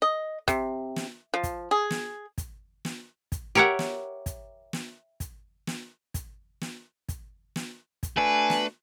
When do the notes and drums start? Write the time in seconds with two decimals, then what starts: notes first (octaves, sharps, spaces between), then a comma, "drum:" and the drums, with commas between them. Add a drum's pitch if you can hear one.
0.02 D#5
0.48 C3, drum: kick, hi-hat
0.96 drum: snare
1.34 F3
1.43 drum: kick, hi-hat
1.71 G#4
1.91 drum: snare
2.38 drum: kick, hi-hat
2.85 drum: snare
3.32 drum: kick, hi-hat
3.55 G4 A#4 C#5 E5 F#5
3.79 drum: snare
4.26 drum: kick, hi-hat
4.73 drum: snare
5.20 drum: kick, hi-hat
5.67 drum: snare
6.14 drum: kick, hi-hat
6.61 drum: snare
7.09 drum: kick, hi-hat
7.56 drum: snare
8.03 drum: kick, hi-hat
8.17 A3 D4 F#4 B4 G#5
8.50 drum: snare